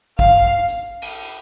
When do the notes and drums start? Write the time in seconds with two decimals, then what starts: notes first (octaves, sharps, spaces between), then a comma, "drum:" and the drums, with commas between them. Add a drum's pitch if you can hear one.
0.19 F5, drum: kick
0.68 drum: hi-hat
1.02 drum: cymbal